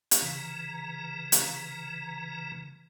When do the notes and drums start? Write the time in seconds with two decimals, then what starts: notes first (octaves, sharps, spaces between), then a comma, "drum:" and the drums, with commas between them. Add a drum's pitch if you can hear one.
0.11 drum: hi-hat
0.22 C#3 E3 A#5
1.32 drum: hi-hat